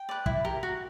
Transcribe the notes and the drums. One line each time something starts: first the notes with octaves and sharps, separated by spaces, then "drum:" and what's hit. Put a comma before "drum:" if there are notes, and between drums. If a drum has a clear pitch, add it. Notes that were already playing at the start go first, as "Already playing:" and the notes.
Already playing: G5
B4 D5
E4, drum: kick
G4 A#4
F#4